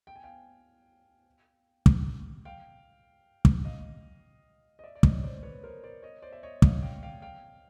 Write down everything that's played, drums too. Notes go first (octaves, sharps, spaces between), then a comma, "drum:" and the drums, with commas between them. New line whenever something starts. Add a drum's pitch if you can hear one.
G5
G#5
F5 G5
drum: kick
F5 G5
drum: kick
D#5 F5
D#5
D5 E5
D5
C#5 D#5, drum: kick
C5 D5
B4 C#5
A#4 C5
C5 D5
C#5 D#5
C5 D5
E5
C#5 D#5
D#5 F5, drum: kick
F5 G5
F5 G5
F5 G5